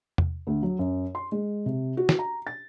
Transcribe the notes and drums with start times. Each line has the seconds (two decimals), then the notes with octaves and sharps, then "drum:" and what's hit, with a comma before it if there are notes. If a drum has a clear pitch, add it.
0.18 drum: tom E2
0.47 D2
0.63 F#3
0.79 F#2
1.15 C6
1.32 G#3
1.66 C3
1.97 F#4
2.09 drum: snare
2.19 A#5
2.47 A6